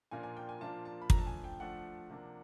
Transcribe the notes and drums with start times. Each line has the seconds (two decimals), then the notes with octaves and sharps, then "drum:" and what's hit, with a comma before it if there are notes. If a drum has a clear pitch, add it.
0.11 A#2 F3 A#3 D4 F4 G#5
0.23 G#5
0.37 G5
0.49 G#5
0.60 A#2 F3 A#3 D4 F4 A5
0.85 A5
1.02 B5
1.10 F3 A3 D4 A#5, drum: kick
1.18 A5
1.27 G#5
1.44 G5
1.60 F3 A3 D4 F#5
2.09 C3 F3 A#3 D4